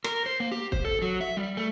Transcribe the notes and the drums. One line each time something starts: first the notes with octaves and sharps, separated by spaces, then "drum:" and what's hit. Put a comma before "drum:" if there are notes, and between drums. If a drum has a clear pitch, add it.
A#4, drum: rim click
C5
A#3
G4
C5, drum: kick
A4
F#3
E5
G3
A3